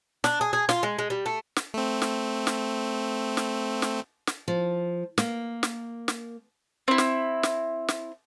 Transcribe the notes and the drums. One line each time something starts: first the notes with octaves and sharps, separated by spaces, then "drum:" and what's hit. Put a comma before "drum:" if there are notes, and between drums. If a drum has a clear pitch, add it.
D4, drum: snare
G#4
G#4
F4, drum: snare
G#3
G#3
G3
A3
drum: snare
A3 C4
drum: snare
drum: snare
drum: snare
drum: snare
drum: snare
F3
A#3, drum: snare
drum: snare
drum: snare
C4 E4
drum: snare
drum: snare
drum: snare